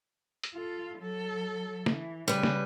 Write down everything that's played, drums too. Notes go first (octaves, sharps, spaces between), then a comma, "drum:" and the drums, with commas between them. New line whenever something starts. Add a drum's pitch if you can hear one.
drum: hi-hat
F4 A4
F#3 A4
E3, drum: snare
C#3 G3 B4
drum: snare